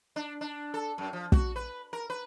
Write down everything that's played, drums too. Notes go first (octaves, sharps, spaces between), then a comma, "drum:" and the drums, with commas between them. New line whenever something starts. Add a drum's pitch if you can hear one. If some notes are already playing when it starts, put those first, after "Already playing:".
D4
D4
A4
F#2
F3
F#4, drum: kick
B4
A#4
B4